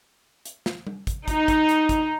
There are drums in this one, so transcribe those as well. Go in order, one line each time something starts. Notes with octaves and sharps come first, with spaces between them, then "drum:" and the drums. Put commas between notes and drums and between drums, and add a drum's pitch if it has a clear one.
drum: hi-hat
drum: snare
drum: tom G3
drum: kick, hi-hat
D#4, drum: kick, hi-hat
drum: kick, hi-hat
drum: hi-hat
drum: kick, hi-hat